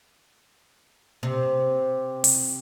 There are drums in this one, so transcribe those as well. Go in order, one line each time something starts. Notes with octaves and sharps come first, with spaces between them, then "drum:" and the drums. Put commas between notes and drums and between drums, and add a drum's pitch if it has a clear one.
C3
drum: open hi-hat